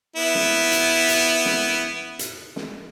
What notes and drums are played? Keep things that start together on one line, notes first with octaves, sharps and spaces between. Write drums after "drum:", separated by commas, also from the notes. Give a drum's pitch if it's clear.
B3 E4
drum: snare
drum: hi-hat
drum: hi-hat
drum: snare
drum: hi-hat
drum: snare